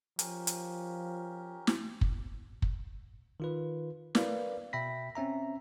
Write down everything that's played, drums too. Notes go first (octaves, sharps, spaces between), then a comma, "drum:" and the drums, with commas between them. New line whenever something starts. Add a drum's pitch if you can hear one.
F3 C#4 G4 A#4, drum: hi-hat
drum: hi-hat
drum: snare
drum: kick
drum: kick
D#3 F4 B4
A#4 B4 D5 F5, drum: snare
B2 E5 G5 B5 A#6 B6
C4 C#4 E5 A#5